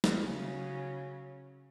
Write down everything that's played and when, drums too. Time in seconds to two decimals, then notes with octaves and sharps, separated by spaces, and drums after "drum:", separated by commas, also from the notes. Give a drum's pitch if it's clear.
0.04 drum: snare
0.19 C#3 F#3 C#4